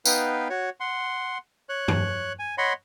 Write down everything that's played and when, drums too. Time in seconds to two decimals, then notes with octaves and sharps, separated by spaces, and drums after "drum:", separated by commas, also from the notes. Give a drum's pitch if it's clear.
0.05 B3 D#4 B4 F5 G5, drum: tambourine
0.50 F#4 C#5
0.80 F#5 C6
1.69 C#5 F#6
1.88 drum: tom
2.39 G#5
2.58 C#5 D#5 F#5 B5 C6